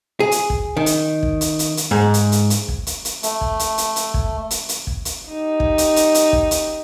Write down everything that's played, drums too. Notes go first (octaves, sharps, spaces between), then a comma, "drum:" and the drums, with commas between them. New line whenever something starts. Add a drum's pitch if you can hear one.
G#4
drum: hi-hat
drum: kick
D#3
drum: hi-hat
drum: kick
drum: hi-hat
drum: hi-hat
drum: hi-hat
G#2
drum: hi-hat
drum: hi-hat
drum: hi-hat
drum: kick
drum: hi-hat
drum: hi-hat
A3, drum: hi-hat
drum: kick
drum: hi-hat
drum: hi-hat
drum: hi-hat
drum: kick
drum: hi-hat
drum: hi-hat
drum: kick
drum: hi-hat
D#4 G4
drum: kick
drum: hi-hat
drum: hi-hat
drum: hi-hat
drum: kick
drum: hi-hat